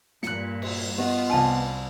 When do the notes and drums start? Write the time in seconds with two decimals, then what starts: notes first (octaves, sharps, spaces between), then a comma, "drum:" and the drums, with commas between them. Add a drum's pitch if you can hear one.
0.23 G2 A#2 F#6 C#7, drum: snare
0.62 drum: cymbal
0.98 B3 F4 G4 D#5
1.30 C2 G#5 A5 F6